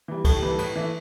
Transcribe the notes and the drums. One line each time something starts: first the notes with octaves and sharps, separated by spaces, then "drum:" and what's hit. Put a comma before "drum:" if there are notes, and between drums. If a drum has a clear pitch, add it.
E3 G3
A2 A4, drum: kick, cymbal
G4
E3 G3 B4
A4
A2 B4, drum: cymbal
E3 A3